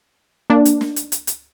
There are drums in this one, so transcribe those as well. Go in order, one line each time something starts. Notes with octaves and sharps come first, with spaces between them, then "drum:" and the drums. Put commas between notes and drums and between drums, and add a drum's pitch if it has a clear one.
A#3 D4
drum: hi-hat
drum: snare
drum: hi-hat
drum: hi-hat
drum: hi-hat